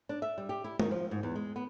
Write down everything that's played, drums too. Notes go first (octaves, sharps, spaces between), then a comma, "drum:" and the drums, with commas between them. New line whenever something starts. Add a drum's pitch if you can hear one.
D4
E5
G3
G4
E4
D#3, drum: tom G#3
F3
G#2
E2
G#3
B3